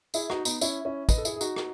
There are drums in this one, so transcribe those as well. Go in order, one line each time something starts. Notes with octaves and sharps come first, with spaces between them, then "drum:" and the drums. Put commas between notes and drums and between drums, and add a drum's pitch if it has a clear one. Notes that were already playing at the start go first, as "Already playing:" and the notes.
E4 G#4, drum: tambourine
D#4 F#4, drum: rim click
B3 D#4, drum: tambourine
C#4 E4, drum: tambourine
C#4 E4
B4 D#5, drum: kick, tambourine
A4
E4 G#4, drum: tambourine
G#4
D#4 F#4, drum: tambourine
drum: rim click